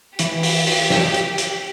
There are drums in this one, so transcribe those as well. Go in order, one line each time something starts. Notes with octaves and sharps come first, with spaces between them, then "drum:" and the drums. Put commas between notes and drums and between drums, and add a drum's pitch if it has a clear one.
E3 G4, drum: hi-hat
drum: open hi-hat
drum: open hi-hat
drum: snare
drum: hi-hat
drum: hi-hat